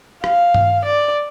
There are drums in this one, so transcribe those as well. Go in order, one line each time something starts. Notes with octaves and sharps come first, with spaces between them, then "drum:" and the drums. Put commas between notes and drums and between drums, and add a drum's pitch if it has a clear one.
F5, drum: rim click
drum: tom G2
D5